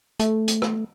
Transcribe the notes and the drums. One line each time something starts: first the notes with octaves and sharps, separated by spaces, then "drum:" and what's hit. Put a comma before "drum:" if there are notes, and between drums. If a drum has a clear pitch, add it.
A3, drum: hi-hat
drum: hi-hat
drum: rim click